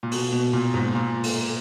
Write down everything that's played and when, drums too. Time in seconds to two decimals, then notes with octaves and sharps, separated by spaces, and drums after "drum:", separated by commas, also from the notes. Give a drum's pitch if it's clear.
0.03 A#2
0.11 B2, drum: open hi-hat
0.33 B2
0.53 A#2
0.74 G#2
0.95 A#2
1.23 drum: open hi-hat